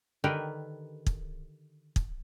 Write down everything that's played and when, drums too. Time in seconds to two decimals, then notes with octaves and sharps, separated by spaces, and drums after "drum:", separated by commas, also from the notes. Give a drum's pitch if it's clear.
0.24 D3 D#3 G4 A#4 B4
1.06 drum: kick
1.96 drum: kick